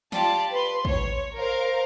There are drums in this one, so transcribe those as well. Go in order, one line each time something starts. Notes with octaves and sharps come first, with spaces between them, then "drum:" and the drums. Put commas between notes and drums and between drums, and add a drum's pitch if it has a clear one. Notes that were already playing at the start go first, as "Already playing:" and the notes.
F4 G4 D5 A5, drum: snare
B4 C6
C#5, drum: kick
A#4 C5 F5